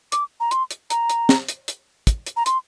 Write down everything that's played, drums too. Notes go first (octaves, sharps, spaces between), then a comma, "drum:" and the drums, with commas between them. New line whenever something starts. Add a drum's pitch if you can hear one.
D6, drum: hi-hat
A#5
C6, drum: hi-hat
drum: hi-hat
A#5, drum: hi-hat
drum: hi-hat
drum: snare
drum: hi-hat
drum: hi-hat
drum: kick, hi-hat
drum: hi-hat
A#5
C6, drum: hi-hat